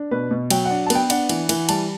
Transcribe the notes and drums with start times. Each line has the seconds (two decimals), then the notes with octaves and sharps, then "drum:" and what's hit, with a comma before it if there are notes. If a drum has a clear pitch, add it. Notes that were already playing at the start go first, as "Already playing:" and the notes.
Already playing: D4
0.11 B2 B4
0.31 B2
0.50 F#3 G5, drum: cymbal
0.66 D4 F#5
0.86 A5
0.90 B3, drum: cymbal
0.95 G5
1.10 D4 F#5, drum: cymbal
1.29 E3, drum: cymbal
1.49 E3, drum: cymbal
1.69 G3 A5, drum: cymbal